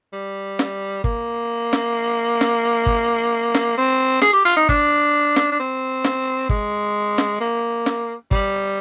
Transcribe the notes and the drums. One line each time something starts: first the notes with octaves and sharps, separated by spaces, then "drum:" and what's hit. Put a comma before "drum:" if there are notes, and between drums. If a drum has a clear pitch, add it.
G3
drum: snare
A#3, drum: kick
drum: snare
drum: snare
drum: kick
drum: snare
C4
G#4, drum: snare
G4
F4
D#4
D4, drum: kick
drum: snare
D4
C4
drum: snare
G#3, drum: kick
drum: snare
A#3
drum: snare
G3, drum: kick